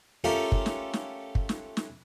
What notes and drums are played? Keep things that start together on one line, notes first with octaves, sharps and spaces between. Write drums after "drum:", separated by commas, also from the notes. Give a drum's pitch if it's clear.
A3 C#4 F4 G4 A4 A#4
drum: kick
drum: snare
drum: snare
drum: kick
drum: snare
drum: snare